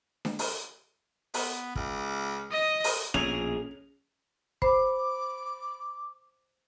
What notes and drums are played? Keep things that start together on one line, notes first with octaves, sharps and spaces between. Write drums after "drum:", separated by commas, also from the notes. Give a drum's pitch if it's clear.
drum: snare D4
drum: open hi-hat
B3, drum: open hi-hat
C#2, drum: kick
D#5
drum: open hi-hat
A#1 B2 C#4 G#4 F7
C5 B5 D6, drum: kick